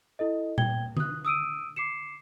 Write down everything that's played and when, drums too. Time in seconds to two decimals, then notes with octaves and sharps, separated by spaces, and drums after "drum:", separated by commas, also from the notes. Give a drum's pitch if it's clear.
0.19 E4 A4 D#5
0.58 G5 G#6 G7, drum: tom A#2
0.97 D#6 F#6, drum: tom D3
1.25 D#6 E6 D7 D#7
1.76 D6 C7 C#7 E7